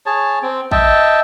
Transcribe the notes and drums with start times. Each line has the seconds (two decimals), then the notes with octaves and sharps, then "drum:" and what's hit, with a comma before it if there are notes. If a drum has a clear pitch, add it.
0.06 G#4 C#5 A5
0.42 C4
0.71 D#5 E5 G5 A5, drum: kick